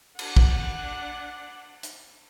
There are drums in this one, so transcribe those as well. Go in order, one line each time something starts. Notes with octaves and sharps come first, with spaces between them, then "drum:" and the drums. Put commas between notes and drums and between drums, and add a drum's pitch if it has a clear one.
D4 F#5, drum: cymbal
drum: kick
drum: hi-hat